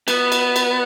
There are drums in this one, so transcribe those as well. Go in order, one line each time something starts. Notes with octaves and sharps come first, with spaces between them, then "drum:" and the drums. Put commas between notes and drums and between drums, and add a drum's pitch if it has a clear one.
B3, drum: cymbal
drum: cymbal
drum: cymbal